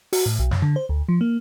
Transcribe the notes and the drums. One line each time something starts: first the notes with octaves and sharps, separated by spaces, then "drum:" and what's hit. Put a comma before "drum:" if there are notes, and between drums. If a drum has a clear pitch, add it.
F#4, drum: open hi-hat
A2
B1
F#2, drum: snare
D3
C5
D2
F3
A#3